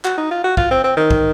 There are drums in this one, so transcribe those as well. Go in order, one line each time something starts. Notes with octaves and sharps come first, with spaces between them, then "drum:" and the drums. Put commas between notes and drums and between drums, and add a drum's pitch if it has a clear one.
F#4, drum: clap
D#4
F4
F#4
F4, drum: kick
C4
C4
D#3
drum: kick